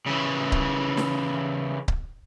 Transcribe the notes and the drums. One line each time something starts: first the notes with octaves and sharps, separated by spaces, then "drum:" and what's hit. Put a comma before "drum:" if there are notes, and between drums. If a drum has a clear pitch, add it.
C#3 E3
drum: kick C#1
drum: snare
drum: kick C#1